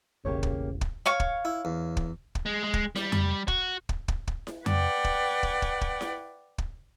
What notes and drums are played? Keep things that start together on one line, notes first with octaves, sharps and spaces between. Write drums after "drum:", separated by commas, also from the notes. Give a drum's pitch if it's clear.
E1 A1 C#3 A#3 G4 C#5
drum: kick
drum: kick
C#5 F5 C#6
drum: kick
E4
E2
drum: kick
drum: kick
G#3
G#3
drum: kick
G3, drum: snare E4
drum: tom F2
F#4, drum: kick
drum: kick
drum: kick
drum: kick
drum: snare E4
B4 D5 F#5 G5, drum: tom F2
drum: kick
drum: kick
drum: kick
drum: kick
drum: snare E4
drum: kick